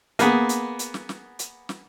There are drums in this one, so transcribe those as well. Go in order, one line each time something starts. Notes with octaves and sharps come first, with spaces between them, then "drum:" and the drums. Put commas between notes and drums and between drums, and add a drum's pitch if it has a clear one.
A#3 B3 G#4, drum: hi-hat
drum: hi-hat
drum: hi-hat
drum: snare
drum: snare
drum: hi-hat
drum: snare